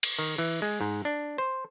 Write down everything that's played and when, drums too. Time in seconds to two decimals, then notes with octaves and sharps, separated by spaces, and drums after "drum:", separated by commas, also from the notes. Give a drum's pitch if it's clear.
0.03 drum: cymbal
0.19 D#3
0.38 E3
0.62 G#3
0.81 G#2
1.05 D4
1.38 C5